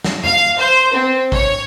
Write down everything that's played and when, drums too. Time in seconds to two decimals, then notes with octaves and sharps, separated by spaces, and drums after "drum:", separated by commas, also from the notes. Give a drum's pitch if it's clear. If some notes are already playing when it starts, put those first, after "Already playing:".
0.04 drum: snare
0.24 F5, drum: tom F2
0.58 C5
0.94 C4
1.32 C#5, drum: kick